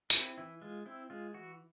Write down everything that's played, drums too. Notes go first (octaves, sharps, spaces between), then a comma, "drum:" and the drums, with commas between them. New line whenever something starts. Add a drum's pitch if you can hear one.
F4, drum: tambourine
C4 E4
E3 E4
G#3 F4
C4 E4
G#3 F4
E3 F#4